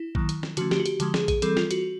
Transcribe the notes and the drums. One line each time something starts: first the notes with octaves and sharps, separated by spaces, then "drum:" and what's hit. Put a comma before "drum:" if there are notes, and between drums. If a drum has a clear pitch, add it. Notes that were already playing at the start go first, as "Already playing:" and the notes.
Already playing: E4
D#3 F#3 A#3, drum: kick
drum: hi-hat
drum: snare
D3 F3 A3 C#4 F#4, drum: hi-hat
G4, drum: snare
F#4
G4, drum: hi-hat
D3 F3 G#3, drum: hi-hat
G#4, drum: snare
G#4, drum: kick, hi-hat
E3 G3 C4 A4, drum: hi-hat
F4, drum: snare
F#4, drum: hi-hat